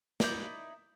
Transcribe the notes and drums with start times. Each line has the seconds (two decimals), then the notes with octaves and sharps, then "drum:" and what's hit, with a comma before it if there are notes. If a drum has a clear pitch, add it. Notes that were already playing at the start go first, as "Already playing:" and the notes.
0.20 D#4 E4 D5 G6, drum: snare